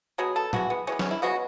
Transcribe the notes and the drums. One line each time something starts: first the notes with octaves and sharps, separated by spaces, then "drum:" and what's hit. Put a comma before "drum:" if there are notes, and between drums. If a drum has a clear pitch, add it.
B2 F#3 B3 G#4
A4
E3 G#3 B3 F#4, drum: tom A2
B3
E3 G#3 B3 C#4
C#4, drum: snare
E4
C#3 G#3 B3 F#4